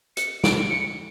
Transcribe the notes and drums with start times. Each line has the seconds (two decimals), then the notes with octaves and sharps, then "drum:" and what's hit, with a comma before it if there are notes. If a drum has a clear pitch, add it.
0.17 C#7, drum: hi-hat
0.44 D7, drum: snare
0.71 C#7